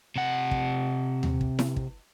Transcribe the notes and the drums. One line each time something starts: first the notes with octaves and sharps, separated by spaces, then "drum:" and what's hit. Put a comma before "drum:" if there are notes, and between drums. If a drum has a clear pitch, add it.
C3 F#5
drum: kick
drum: tom D#2
drum: kick
drum: snare E4
drum: kick